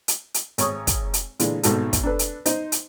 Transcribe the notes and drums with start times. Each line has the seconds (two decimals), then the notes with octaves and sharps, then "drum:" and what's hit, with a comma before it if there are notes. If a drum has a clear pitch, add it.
0.08 drum: hi-hat
0.34 drum: hi-hat
0.58 G#1 C#5 C#6 D#6, drum: hi-hat
0.87 drum: kick, hi-hat
1.14 drum: hi-hat
1.40 A#2 D3 E3 G#3, drum: hi-hat
1.63 G#1 G#2 B2 F#4 A4, drum: hi-hat
1.93 drum: kick, hi-hat
2.04 D4 A4 B4
2.19 drum: hi-hat
2.46 D#4 C5 D#5, drum: hi-hat
2.72 drum: hi-hat